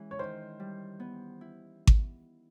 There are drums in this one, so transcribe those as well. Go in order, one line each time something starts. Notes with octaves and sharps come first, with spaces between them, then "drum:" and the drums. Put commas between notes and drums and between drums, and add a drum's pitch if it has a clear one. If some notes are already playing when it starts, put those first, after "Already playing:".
Already playing: E3 G#3 C#4
C#5
D#3 C5
G3
B3
E4
drum: kick G#1